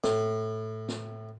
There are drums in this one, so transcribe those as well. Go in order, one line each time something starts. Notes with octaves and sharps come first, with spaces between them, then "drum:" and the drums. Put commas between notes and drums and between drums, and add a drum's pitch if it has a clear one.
A2, drum: snare
drum: snare